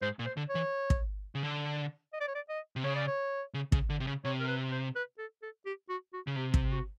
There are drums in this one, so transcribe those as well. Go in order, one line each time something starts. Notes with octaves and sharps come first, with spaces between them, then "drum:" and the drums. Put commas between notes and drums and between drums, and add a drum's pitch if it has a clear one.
G#2 C5
A#2
C5
D3
C#5
E3
drum: kick
C#3
D3
D#5
D5
C#5
D5
D#5
C3
C#3 C#5
D5
C#5
C#3
C#3, drum: kick
D3
C3
C#3
C3 C#5
A#4
B4
C5
B4
A4
A4
G4
F#4
F#4
C#3
C3 G4
drum: kick
F#4